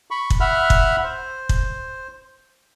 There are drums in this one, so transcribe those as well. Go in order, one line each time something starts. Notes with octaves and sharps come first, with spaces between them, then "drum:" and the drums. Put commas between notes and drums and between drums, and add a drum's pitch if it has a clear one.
B5 C#6
drum: kick
E5 F#5 B5 F6
drum: kick
C5
drum: kick